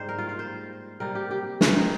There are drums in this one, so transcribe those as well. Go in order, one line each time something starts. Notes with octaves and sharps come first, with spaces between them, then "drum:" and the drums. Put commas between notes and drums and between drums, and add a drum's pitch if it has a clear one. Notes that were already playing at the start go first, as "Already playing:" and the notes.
Already playing: G#2 G3 A#3 C5
A#4
F4
F4
C5
C3 G3 A#3 A#4
G4
G4
F4, drum: snare
D#4